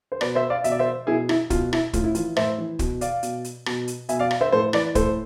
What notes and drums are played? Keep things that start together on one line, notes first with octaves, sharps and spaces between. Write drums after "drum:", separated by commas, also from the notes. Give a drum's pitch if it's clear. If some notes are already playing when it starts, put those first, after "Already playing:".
C5
B2 B4 D5, drum: rim click
C5 E5
D5 F5
B2 E5, drum: hi-hat
D5
C5 E5
B2 E4 G#4
E4, drum: rim click
B2 F4, drum: kick, hi-hat
E4, drum: rim click
A2 F4, drum: kick, hi-hat
E4
E3 F4, drum: hi-hat
A2 C5 E5, drum: rim click
E3
B2, drum: kick, hi-hat
D5 F5, drum: hi-hat
B2, drum: hi-hat
drum: hi-hat
B2, drum: rim click
drum: hi-hat
B2 E5 G#5, drum: hi-hat
D5 F5
drum: rim click
C5 E5
A2 A4 C5
E3 B4 D5, drum: rim click
A2 A4 C5, drum: kick, hi-hat